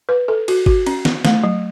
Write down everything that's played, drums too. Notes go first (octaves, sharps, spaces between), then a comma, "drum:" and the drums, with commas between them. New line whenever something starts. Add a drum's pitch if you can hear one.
B4
A4
F#4, drum: cymbal
F#4, drum: kick G1
C#4, drum: cymbal
drum: snare
A3, drum: snare
F#3